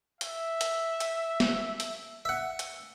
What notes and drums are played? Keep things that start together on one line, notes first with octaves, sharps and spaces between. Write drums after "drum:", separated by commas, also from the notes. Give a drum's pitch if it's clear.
E5, drum: hi-hat
drum: hi-hat
drum: hi-hat
drum: snare
drum: hi-hat
E5 F#5
drum: hi-hat